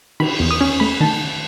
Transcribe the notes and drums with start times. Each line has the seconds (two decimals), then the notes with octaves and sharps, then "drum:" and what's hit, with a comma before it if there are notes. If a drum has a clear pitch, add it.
0.20 D#3 B5, drum: cymbal
0.40 E2
0.51 D#6
0.61 C#4
0.80 A3 B5
1.01 D#3 A5